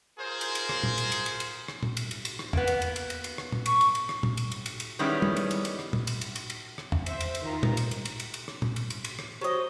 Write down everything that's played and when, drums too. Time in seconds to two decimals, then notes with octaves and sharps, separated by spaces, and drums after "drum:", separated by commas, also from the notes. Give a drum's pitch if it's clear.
0.19 F4 G#4 A#4 C5
0.41 drum: cymbal
0.55 drum: cymbal
0.69 drum: rim click
0.83 drum: tom
0.98 drum: cymbal
1.12 drum: cymbal
1.26 drum: cymbal
1.40 drum: cymbal
1.68 drum: rim click
1.83 drum: tom
1.97 drum: cymbal
2.11 drum: cymbal
2.25 drum: cymbal
2.39 drum: rim click
2.53 A#3 B3, drum: tom
2.68 drum: cymbal
2.82 drum: cymbal
2.96 drum: cymbal
3.10 drum: cymbal
3.24 drum: cymbal
3.38 drum: rim click
3.52 drum: tom
3.66 C#6, drum: cymbal
3.81 drum: cymbal
3.95 drum: cymbal
4.09 drum: rim click
4.23 drum: tom
4.37 drum: cymbal
4.52 drum: cymbal
4.66 drum: cymbal
4.80 drum: cymbal
4.99 D#3 G3 G#3 B3 C#4 E4
5.22 drum: tom
5.36 drum: cymbal
5.51 drum: cymbal
5.65 drum: cymbal
5.79 drum: rim click
5.93 drum: tom
6.07 drum: cymbal
6.21 drum: cymbal
6.36 drum: cymbal
6.50 drum: cymbal
6.78 drum: rim click
6.92 drum: tom
7.06 C5 E5, drum: cymbal
7.20 drum: cymbal
7.35 drum: cymbal
7.44 D#3 F4 A#5
7.63 drum: tom
7.77 drum: cymbal
7.91 drum: cymbal
8.05 drum: cymbal
8.20 drum: cymbal
8.34 drum: cymbal
8.48 drum: rim click
8.62 drum: tom
8.76 drum: cymbal
8.90 drum: cymbal
9.05 drum: cymbal
9.19 drum: rim click
9.41 F#3 C5 D#5